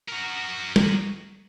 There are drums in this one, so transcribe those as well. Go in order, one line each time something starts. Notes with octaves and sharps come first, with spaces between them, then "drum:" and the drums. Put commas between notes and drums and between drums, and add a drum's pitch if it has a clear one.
F#4 A#4
drum: tom